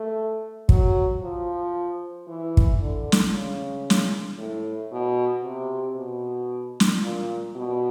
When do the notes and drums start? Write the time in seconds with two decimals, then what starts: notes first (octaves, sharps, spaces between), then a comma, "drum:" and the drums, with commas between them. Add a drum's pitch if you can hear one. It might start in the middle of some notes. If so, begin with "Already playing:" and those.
Already playing: A3
0.69 F#3, drum: kick
1.22 F3
2.27 E3
2.57 drum: kick
2.80 D3
3.12 drum: snare
3.33 C#3
3.90 drum: snare
4.38 A2
4.91 B2
5.43 C3
5.96 B2
6.80 drum: snare
7.02 A#2
7.56 B2